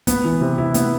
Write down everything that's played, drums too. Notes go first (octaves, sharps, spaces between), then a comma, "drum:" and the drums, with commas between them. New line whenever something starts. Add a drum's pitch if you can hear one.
B3, drum: kick, hi-hat
E3
C3
E4
B3, drum: hi-hat